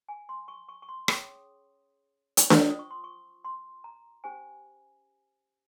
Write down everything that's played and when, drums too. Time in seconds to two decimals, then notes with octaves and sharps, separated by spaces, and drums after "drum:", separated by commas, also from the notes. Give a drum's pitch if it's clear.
0.09 G#5
0.29 C6
0.48 C#6
0.69 C#6
0.82 C#6
0.89 C6
1.08 C#4 G#4 C#5 D#6, drum: rim click
2.37 drum: hi-hat
2.50 drum: snare D4
2.66 C#4 F4 C5 D#6
2.79 C#6
2.91 C6
3.04 C#6
3.45 C6
3.84 A#5
4.24 C#4 G4 C5 G#5